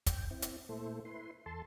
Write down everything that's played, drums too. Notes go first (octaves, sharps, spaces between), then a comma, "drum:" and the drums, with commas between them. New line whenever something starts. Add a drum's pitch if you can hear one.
G5, drum: kick, hi-hat
C4 E4
drum: hi-hat
A#2 A3 E4 A4 C5
E4 B4 C6
E2 A4 A5 C6